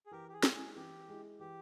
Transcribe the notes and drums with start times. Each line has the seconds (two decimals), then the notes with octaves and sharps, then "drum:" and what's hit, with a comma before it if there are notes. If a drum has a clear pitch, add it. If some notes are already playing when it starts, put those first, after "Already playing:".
0.06 G#4
0.11 E3 G4 A#4
0.29 G4
0.33 G#4
0.43 G#3 E4, drum: snare
0.55 G#4
0.76 E3 G4
1.08 G#3 E4
1.40 E3 G4